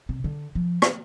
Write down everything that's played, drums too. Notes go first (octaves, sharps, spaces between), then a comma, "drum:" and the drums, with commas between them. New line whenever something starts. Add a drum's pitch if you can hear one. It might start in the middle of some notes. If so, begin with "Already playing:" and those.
C3
D3
F3
drum: rim click